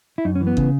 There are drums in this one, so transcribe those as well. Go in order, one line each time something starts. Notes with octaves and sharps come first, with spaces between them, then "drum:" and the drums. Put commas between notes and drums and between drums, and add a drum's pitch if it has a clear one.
E4
F#2 D#4
C#4
E3
B3
C#3, drum: kick G1